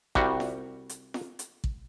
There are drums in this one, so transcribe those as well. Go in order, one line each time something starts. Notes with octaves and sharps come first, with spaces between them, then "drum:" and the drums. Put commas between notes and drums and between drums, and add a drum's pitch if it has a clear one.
C2 G3 F#4, drum: kick
drum: snare
drum: hi-hat
drum: snare
drum: hi-hat
drum: kick